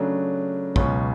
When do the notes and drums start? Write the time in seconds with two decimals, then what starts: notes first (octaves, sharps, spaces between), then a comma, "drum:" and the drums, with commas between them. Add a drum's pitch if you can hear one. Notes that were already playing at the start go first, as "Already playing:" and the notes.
Already playing: C#3 F#3 A3 D4
0.76 C#2 B2 F#3 C#4, drum: kick